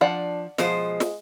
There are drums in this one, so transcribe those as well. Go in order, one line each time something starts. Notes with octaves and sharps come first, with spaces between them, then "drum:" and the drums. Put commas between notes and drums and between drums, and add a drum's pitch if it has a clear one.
F3 D4 D5 F#5
B2 F3 G#3 C5, drum: snare
drum: snare